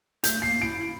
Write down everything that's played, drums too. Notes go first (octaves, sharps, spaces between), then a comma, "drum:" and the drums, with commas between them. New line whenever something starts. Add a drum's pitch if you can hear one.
A3 G6, drum: hi-hat
A#3 C7
E4 D7
E4